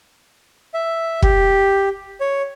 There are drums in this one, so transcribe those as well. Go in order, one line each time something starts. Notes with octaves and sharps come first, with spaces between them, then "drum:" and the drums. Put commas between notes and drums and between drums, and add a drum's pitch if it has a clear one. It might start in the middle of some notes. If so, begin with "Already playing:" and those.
E5
G4, drum: kick
C#5